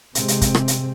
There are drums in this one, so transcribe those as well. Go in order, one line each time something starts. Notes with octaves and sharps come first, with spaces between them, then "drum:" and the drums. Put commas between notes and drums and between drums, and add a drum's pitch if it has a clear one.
C3 G#3 C4, drum: hi-hat
drum: hi-hat
drum: kick, hi-hat
drum: rim click
drum: hi-hat